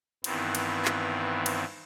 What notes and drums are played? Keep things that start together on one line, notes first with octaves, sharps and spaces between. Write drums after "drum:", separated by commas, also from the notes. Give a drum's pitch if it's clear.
G2 D#3 E3 B3 C4, drum: cymbal
drum: cymbal
drum: clap
drum: cymbal